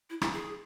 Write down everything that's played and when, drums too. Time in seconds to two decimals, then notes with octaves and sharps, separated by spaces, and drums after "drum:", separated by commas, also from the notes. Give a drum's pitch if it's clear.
0.10 E4
0.22 E4, drum: rim click
0.33 G#4